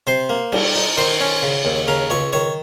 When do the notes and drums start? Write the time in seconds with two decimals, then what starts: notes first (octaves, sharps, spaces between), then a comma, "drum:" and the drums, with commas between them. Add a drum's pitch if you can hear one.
0.07 C3 C5 C6
0.29 A#3
0.52 G3, drum: cymbal
0.75 D#4
0.98 D#3 C5 C6
1.21 C#4
1.43 C#3
1.65 D#2
1.88 C#3 A#4 A#5
2.10 C#2 C#5 C#6
2.33 D#3 C#5 C#6